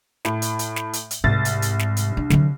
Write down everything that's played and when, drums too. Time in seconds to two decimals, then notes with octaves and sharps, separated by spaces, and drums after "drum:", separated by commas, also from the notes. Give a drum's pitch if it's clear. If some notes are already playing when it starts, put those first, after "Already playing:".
0.25 A2, drum: snare
0.42 drum: hi-hat
0.59 drum: hi-hat
0.76 drum: snare
0.93 drum: hi-hat
1.11 drum: hi-hat
1.24 C2 G#2 A6
1.45 drum: hi-hat
1.62 drum: hi-hat
1.79 drum: snare
1.97 drum: hi-hat
2.17 D4
2.30 D3 F#3, drum: snare